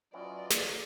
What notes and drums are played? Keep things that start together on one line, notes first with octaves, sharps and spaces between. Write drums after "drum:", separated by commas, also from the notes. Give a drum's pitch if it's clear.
F#3 B3 C#4 E4 F4 D5 D#5
drum: snare